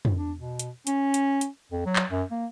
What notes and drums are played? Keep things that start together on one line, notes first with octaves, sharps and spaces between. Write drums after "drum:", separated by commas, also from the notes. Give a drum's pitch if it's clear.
drum: tom
D4
B2
drum: hi-hat
C#4, drum: hi-hat
drum: hi-hat
drum: hi-hat
F2
F#3
drum: clap
F#2
A#3